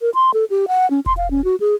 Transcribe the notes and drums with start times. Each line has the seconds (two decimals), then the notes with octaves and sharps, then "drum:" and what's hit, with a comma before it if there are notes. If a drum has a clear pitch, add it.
0.01 A#4
0.15 C6
0.34 A4
0.50 G4
0.68 F#5
0.90 C#4
1.06 C6, drum: kick E1
1.17 F5
1.31 C#4
1.44 F#4
1.60 G#4